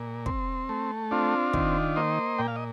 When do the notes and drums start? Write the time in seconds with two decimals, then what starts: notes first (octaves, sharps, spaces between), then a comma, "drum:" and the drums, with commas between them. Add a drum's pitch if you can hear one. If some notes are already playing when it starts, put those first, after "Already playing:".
Already playing: A#2
0.26 C4, drum: kick
0.69 A3
1.11 C4 D4 F4
1.53 D#3, drum: kick
1.96 A#3 C5 D#5
2.39 A#2 G5
2.48 F5
2.56 D#5